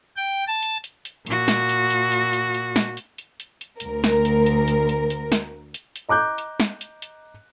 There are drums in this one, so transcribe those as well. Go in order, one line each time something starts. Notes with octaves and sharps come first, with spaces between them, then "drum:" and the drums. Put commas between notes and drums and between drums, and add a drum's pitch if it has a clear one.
G5
A5
drum: hi-hat
drum: hi-hat
drum: hi-hat
A#2 F#4, drum: hi-hat
drum: snare
drum: hi-hat
drum: hi-hat
drum: hi-hat
drum: hi-hat
drum: hi-hat
drum: snare
drum: hi-hat
drum: hi-hat
drum: hi-hat
drum: hi-hat
D2 A#4, drum: hi-hat
drum: snare
drum: hi-hat
drum: hi-hat
drum: hi-hat
drum: hi-hat
drum: hi-hat
drum: snare
drum: hi-hat
drum: hi-hat
D#5 A#5 D6 F#6 G6
drum: hi-hat
drum: snare
drum: hi-hat
drum: hi-hat